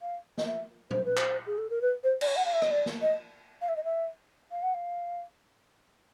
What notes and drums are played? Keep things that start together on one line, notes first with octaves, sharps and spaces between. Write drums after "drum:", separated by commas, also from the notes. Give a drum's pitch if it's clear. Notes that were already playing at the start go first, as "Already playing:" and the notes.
F5
D#5, drum: snare
E5
C5, drum: tom
B4
C5, drum: clap
G#4
A4
A#4
B4
C5
D5, drum: cymbal
C#5
F#5
F5
E5
D#5, drum: rim click
D5
drum: snare
D#5
F5
E5
D#5
E5
F5
F#5
F5